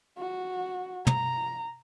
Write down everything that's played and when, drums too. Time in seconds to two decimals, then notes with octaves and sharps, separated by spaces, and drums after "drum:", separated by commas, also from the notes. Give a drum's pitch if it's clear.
0.18 F#4
1.07 A#5, drum: tom